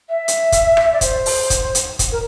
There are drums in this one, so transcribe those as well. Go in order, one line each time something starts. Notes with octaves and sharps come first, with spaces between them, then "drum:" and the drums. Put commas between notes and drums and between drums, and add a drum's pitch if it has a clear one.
E5
drum: hi-hat
drum: kick, hi-hat
drum: rim click
D5
C5, drum: kick, hi-hat
drum: open hi-hat
drum: kick, hi-hat
drum: hi-hat
drum: kick, hi-hat
A#4